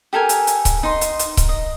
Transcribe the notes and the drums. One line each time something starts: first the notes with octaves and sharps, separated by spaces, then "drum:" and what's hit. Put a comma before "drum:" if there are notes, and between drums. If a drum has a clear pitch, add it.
G4 A4 A#4 G#5
drum: hi-hat
drum: hi-hat
drum: kick C#1, hi-hat
D#4 C6
drum: hi-hat
drum: hi-hat
drum: kick C#1, hi-hat
D#5